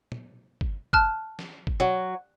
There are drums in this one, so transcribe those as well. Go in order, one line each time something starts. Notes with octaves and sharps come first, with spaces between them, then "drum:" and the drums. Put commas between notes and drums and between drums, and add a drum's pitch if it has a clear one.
drum: tom
drum: kick G1
A5 F6 F#6, drum: kick G1
drum: snare
drum: kick G1
F#3